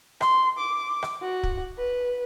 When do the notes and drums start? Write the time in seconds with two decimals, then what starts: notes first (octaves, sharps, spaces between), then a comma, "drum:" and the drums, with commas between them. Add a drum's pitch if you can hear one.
0.21 C6, drum: rim click
0.58 D6
1.03 drum: rim click
1.22 F#4
1.43 drum: kick
1.78 B4